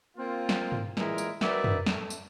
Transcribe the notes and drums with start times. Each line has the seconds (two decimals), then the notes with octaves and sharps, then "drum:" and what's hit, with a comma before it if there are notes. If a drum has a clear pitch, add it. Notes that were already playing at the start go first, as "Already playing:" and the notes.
0.17 A#3 C4 F4
0.49 drum: snare
0.72 drum: tom
0.97 A#2 E3 G#3 E4 G#4 A#4, drum: snare
1.18 drum: tambourine
1.41 D#4 F#4 A#4 B4 D5 E5, drum: snare
1.64 drum: tom
1.86 A3, drum: snare
2.10 drum: tambourine